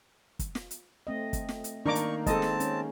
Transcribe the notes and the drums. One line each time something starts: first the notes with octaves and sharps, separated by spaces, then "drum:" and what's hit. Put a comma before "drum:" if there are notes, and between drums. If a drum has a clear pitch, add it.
drum: kick, hi-hat
drum: snare
drum: hi-hat
A3 C4 D#5
drum: kick, hi-hat
drum: snare
drum: hi-hat
D#3 A#3 D4 D#4 A#5 C#6 D6
drum: hi-hat
G#3 C4 A4 D#5 A5, drum: kick, hi-hat
drum: snare
C#4, drum: hi-hat